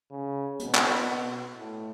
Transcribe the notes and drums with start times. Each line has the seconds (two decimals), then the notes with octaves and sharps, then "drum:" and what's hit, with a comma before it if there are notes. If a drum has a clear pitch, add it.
0.11 C#3
0.60 B2, drum: hi-hat
0.75 drum: clap
1.56 A2